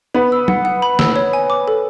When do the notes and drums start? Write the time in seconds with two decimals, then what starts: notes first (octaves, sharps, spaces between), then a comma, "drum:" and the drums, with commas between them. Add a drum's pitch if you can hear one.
0.14 B3 B5
0.32 E6
0.48 F#5, drum: tom
0.65 F#5
0.82 B5
0.99 E6, drum: snare
1.16 C#5
1.33 G#5
1.50 D6
1.68 A4